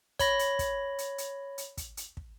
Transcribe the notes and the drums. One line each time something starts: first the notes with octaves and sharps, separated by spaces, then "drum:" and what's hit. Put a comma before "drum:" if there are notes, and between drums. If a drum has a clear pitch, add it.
C#5 B5 A#6, drum: kick, hi-hat
drum: hi-hat
drum: kick, hi-hat
drum: hi-hat
drum: hi-hat
drum: hi-hat
drum: kick, hi-hat
drum: hi-hat
drum: kick